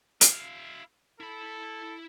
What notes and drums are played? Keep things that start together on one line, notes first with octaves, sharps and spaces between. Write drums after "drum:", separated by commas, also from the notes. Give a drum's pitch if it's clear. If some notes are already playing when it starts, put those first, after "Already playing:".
E4 F5, drum: hi-hat
E4 A4 B5